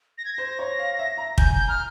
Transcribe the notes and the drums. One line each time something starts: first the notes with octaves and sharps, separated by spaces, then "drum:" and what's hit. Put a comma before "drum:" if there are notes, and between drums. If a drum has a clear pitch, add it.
A#6
G#6
A#6
C5
C#5
F5
E5
A#5
G#5 G6, drum: kick
G6
A#5 F6